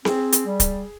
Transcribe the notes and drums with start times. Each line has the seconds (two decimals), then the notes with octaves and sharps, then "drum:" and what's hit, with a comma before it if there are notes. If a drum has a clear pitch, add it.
0.05 C4 G#4, drum: snare C4
0.32 drum: hi-hat
0.46 G3
0.60 drum: kick C#1, hi-hat